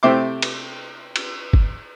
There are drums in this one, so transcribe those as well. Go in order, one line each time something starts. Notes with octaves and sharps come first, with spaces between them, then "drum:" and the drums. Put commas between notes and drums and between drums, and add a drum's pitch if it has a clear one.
C3 A3 C4 E5 C6 D6
drum: cymbal
drum: cymbal
drum: kick G1